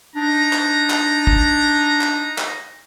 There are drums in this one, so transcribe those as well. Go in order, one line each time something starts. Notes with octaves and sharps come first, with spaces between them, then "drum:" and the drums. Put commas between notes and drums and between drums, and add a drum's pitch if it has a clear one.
D4 D#4 A#5
drum: clap
drum: clap
drum: kick
drum: clap
drum: clap